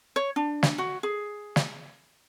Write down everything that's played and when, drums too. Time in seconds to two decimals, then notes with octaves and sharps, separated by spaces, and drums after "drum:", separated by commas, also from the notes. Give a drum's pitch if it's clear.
0.16 C#5
0.36 D4
0.63 drum: snare
0.78 F#4
1.03 G#4
1.56 drum: snare